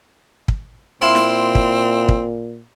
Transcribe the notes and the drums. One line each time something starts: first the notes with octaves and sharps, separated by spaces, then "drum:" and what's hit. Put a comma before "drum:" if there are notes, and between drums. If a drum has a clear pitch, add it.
drum: kick
A#2 C4 E4 F5 C6
drum: snare
drum: kick
drum: kick